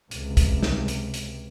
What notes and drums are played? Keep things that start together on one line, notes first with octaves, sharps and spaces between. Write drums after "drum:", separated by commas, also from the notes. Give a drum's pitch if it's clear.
C#2 C3, drum: hi-hat
drum: kick, hi-hat
drum: snare
drum: hi-hat
drum: hi-hat